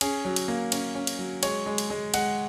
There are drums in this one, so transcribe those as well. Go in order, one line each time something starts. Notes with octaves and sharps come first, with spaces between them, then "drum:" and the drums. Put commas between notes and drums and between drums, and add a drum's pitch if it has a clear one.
C#4 G#4, drum: cymbal
F#3
drum: cymbal
A#3
C#4, drum: cymbal
C#4
drum: cymbal
F#3
G#3 C#5, drum: cymbal
G#3
drum: cymbal
G#3
G#3 F#5, drum: cymbal